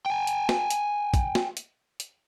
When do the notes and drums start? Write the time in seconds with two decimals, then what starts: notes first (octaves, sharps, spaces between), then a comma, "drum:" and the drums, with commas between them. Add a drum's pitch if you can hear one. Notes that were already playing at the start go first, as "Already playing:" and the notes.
0.06 G5 G#5
0.27 drum: hi-hat
0.49 drum: snare
0.70 drum: hi-hat
1.14 drum: kick, hi-hat
1.35 drum: snare
1.57 drum: hi-hat
2.00 drum: hi-hat